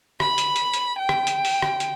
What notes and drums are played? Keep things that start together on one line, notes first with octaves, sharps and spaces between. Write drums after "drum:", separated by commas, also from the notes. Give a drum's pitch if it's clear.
B5, drum: rim click
drum: hi-hat
drum: hi-hat
drum: hi-hat
G5
drum: rim click
drum: hi-hat
drum: open hi-hat
drum: rim click
drum: hi-hat